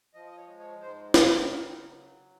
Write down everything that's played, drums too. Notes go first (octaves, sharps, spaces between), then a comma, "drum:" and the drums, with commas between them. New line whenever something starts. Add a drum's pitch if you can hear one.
F3 D#5
D#5
C#5
G#3
C#5
G#2 C5
C4 A#4, drum: snare
C#3
F#3